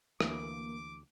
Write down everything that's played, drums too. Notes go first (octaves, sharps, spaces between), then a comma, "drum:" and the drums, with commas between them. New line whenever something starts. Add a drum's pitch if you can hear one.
D2 E3 A#3 F5 G#5 D6, drum: rim click